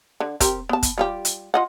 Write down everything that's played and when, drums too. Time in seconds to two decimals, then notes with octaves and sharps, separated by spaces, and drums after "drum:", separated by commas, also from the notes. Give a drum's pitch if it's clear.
0.20 D3
0.40 C4 G4 A#4, drum: kick, hi-hat
0.69 B3 A5
0.83 drum: kick, hi-hat
0.98 G3 F4 G4
1.25 drum: hi-hat
1.54 F4 D#5 F#5